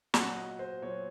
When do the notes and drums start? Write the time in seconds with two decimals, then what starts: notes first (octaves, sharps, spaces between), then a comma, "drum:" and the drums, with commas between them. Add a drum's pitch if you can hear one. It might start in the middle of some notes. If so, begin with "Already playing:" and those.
0.14 A#2 F#3 F#5, drum: snare
0.36 D#5
0.59 C5
0.82 A#2 F#3 C#5